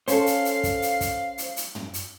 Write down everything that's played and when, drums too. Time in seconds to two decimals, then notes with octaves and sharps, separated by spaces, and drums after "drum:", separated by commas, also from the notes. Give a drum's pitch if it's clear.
0.08 C#4 A4 C5 F5, drum: hi-hat
0.26 drum: hi-hat
0.45 drum: hi-hat
0.63 drum: kick, hi-hat
0.82 drum: hi-hat
1.01 drum: kick, hi-hat
1.38 drum: hi-hat
1.56 drum: hi-hat
1.75 drum: tom
1.94 drum: hi-hat